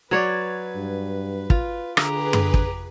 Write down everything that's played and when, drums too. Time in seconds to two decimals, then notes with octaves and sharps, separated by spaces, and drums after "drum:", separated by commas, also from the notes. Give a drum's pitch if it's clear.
0.11 F#3 B4 C#5 D5
0.76 G2
1.50 F4, drum: kick
1.97 D3 G4 G#4 B4 A#5, drum: rim click
2.33 drum: tom F#2
2.54 drum: kick